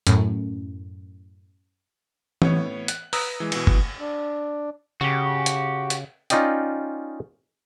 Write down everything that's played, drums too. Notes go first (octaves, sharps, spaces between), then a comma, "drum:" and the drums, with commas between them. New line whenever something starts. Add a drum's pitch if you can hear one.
F#2 A2, drum: hi-hat
A2 B3 C#5, drum: tom E3
F#6, drum: hi-hat
B4 A#5 D#6 E6, drum: open hi-hat
E3 G#3
B2 E3, drum: cymbal
drum: kick
D4
C#3 F#4 G4
drum: hi-hat
drum: hi-hat
C#4 D#4 F4 D5 D#5 G5, drum: hi-hat